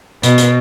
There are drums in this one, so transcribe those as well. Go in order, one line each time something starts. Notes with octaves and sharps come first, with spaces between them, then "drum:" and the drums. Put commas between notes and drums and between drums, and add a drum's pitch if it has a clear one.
B2, drum: hi-hat
drum: hi-hat